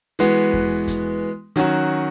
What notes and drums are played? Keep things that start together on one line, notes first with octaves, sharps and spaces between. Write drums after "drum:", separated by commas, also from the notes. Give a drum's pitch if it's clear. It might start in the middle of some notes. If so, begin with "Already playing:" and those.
E3 G#3 B3 F#4, drum: hi-hat
drum: kick E2
drum: kick E2, hi-hat
D#3 F#3 C#4 F#4, drum: hi-hat